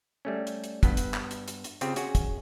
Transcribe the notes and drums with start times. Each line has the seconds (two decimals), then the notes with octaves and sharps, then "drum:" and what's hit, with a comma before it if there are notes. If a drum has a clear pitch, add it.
0.25 G3 A3 C#4
0.47 drum: hi-hat
0.64 drum: hi-hat
0.83 G2 B3, drum: kick, hi-hat
0.97 drum: hi-hat
1.14 drum: clap
1.31 drum: hi-hat
1.48 drum: hi-hat
1.64 drum: hi-hat
1.81 C#3 C4 F4 G4, drum: hi-hat
1.96 C#4 F#4 G#4, drum: hi-hat
2.15 drum: kick, hi-hat